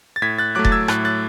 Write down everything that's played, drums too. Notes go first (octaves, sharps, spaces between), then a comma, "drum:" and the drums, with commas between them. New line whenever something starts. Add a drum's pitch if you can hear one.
A6
A2 G#6 B6
F#6 A6
F#3 A3 D6 F#6
A6, drum: kick E1
E6 G#6
A2 F#6 A6, drum: rim click
F#6 A6